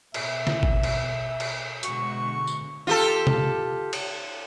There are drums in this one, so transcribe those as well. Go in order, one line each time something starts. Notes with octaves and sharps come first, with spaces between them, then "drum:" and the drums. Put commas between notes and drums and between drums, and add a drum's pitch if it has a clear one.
B2 E5, drum: cymbal
drum: snare
drum: kick G#1
drum: cymbal
drum: cymbal
B2 D3 G#3 F#4 C#6, drum: hi-hat
drum: tambourine
F4 G4 A4
drum: tom
drum: cymbal